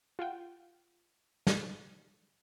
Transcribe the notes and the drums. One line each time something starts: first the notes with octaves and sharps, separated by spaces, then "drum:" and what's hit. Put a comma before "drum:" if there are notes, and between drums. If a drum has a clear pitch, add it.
F4 F#5 G5
drum: snare